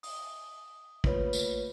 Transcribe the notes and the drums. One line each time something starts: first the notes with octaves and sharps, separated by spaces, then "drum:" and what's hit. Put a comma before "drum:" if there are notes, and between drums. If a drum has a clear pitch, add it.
D#6, drum: open hi-hat
A3 A#3 F4 B4 C#5, drum: kick
drum: tambourine